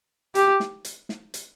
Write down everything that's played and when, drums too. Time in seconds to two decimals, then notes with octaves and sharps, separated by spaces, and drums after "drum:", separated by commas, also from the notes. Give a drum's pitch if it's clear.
0.35 G4, drum: hi-hat
0.60 drum: snare
0.85 drum: hi-hat
1.09 drum: snare
1.34 drum: hi-hat